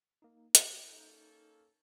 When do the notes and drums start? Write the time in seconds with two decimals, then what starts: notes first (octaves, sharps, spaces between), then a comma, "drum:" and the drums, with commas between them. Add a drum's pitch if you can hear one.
0.22 A#3 D#4
0.55 G5 D6, drum: hi-hat
0.89 A#3 C#4 D#4 A4 G6